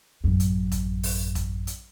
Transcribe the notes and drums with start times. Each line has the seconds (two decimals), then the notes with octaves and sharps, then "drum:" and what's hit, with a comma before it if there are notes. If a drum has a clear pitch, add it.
0.24 A1 F#2
0.40 drum: hi-hat
0.72 drum: kick E1, hi-hat
1.03 drum: open hi-hat
1.35 drum: kick E1, hi-hat
1.67 drum: hi-hat